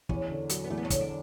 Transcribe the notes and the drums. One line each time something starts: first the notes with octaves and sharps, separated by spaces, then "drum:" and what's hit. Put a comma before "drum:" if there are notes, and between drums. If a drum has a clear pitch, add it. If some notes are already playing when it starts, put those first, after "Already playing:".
E2 C#4, drum: kick
D3
F#3, drum: hi-hat
B3
E2 A3
B3
C#4
D3, drum: kick, hi-hat
D4